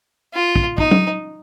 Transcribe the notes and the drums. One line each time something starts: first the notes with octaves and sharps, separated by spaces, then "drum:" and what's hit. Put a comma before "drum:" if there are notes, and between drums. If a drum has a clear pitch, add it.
F4
drum: kick
D#4, drum: kick
drum: tom F#3